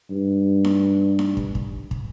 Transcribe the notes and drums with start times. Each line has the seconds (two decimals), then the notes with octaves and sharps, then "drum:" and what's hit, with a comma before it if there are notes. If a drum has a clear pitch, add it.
0.11 G2
0.64 drum: snare D#4
1.19 drum: snare D#4
1.37 drum: kick
1.55 drum: kick
1.91 drum: kick